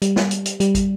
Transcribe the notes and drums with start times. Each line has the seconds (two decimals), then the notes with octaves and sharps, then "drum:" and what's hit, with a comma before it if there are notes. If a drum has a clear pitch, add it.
0.02 G3, drum: hi-hat
0.16 drum: snare
0.31 drum: hi-hat
0.45 drum: hi-hat
0.60 G3, drum: hi-hat
0.75 drum: kick, hi-hat